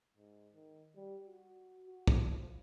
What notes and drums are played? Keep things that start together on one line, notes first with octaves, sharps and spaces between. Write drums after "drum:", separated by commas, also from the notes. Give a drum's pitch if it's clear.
G#2
D#3
G3
F#4
F#4
drum: kick
F3